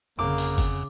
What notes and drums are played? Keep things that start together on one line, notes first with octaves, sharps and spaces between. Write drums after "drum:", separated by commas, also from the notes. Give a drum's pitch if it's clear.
G1 F2 C#3 A#3 D6
drum: open hi-hat
drum: kick G1, open hi-hat